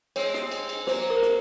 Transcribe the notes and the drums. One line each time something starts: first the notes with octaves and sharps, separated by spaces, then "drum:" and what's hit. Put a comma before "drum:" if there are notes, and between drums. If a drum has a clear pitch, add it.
G#3 C4 C#5, drum: cymbal
drum: snare
drum: cymbal
drum: cymbal
F#3 A#3 C5, drum: snare
A#4
drum: snare